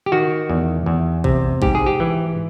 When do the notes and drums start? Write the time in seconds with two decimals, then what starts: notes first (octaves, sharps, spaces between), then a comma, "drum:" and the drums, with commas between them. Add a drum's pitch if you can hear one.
0.06 G4
0.12 D#3 F#4
0.50 E2
0.86 E2
1.24 C3, drum: kick A#1
1.62 G#2 G4, drum: kick A#1
1.75 G#4
1.86 G4
2.00 E3